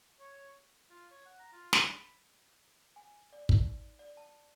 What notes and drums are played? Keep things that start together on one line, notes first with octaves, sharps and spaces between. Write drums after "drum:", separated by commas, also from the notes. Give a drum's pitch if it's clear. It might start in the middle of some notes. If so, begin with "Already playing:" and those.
C#5
F4
C#5
F#5
A#5
F4
D4, drum: snare
B5
G#5
D5
D#4, drum: kick
D5
A5